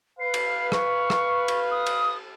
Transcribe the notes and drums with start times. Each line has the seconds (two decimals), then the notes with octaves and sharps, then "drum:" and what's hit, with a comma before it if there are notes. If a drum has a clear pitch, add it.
0.19 B4 F5 C7
0.34 drum: cymbal
0.72 C#6, drum: rim click
1.10 drum: rim click
1.48 drum: cymbal
1.71 D#6
1.86 drum: cymbal